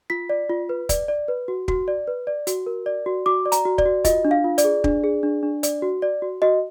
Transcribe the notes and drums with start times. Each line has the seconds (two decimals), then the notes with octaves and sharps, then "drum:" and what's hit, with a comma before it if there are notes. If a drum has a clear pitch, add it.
0.10 F4 B6
0.30 D5
0.50 F4
0.69 B4
0.89 D5, drum: kick, hi-hat
1.08 D5
1.28 B4
1.48 F#4
1.68 F#4, drum: kick
1.88 D5
2.07 B4
2.27 D5
2.47 F#4, drum: hi-hat
2.66 A#4
2.86 D5
3.06 F#4
3.26 F#4 D6
3.46 D5
3.52 A#5, drum: hi-hat
3.65 F#4
3.78 D5, drum: kick
3.85 F#4
4.05 F4 D#5, drum: kick, hi-hat
4.25 D4
4.31 F5
4.44 F4
4.58 D5, drum: hi-hat
4.64 G#4
4.84 D4, drum: kick
5.04 G#4
5.23 D4
5.43 D4
5.63 D5, drum: hi-hat
5.82 F#4
6.02 D5
6.22 F#4
6.42 F#4 D#5